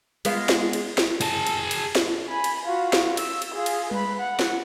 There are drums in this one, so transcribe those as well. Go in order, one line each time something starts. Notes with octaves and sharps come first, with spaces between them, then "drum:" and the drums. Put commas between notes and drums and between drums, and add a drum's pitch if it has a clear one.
G#3 B3 F4, drum: cymbal
drum: snare
drum: cymbal
drum: snare
G#4 A5, drum: cymbal
drum: cymbal
drum: cymbal
drum: snare
G#5 B5
drum: cymbal
F4 F#4
drum: snare
E6, drum: cymbal
drum: cymbal
F4 G#4
drum: cymbal
B4 B5, drum: tom G3
F#5
drum: snare